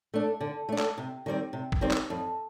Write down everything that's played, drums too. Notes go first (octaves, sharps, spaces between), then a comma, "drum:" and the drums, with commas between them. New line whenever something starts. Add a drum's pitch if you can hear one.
A3 D4
D3
A3 D4
drum: clap
C3
D#3 G3 C4
C3
drum: kick
D#3 G3 C4
drum: clap
F2